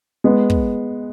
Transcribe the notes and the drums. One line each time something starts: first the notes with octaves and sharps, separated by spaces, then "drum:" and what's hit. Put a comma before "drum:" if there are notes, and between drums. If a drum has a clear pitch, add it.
G#3 B3
drum: kick